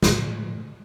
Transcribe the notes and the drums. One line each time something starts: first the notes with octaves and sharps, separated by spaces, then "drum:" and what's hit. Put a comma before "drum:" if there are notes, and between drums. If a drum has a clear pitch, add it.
A2 F3, drum: snare